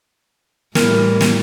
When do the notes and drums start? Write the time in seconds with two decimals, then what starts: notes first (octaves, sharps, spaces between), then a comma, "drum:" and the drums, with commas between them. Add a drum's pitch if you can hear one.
0.75 A2 E3 G3 E4 A#4, drum: snare
1.21 drum: snare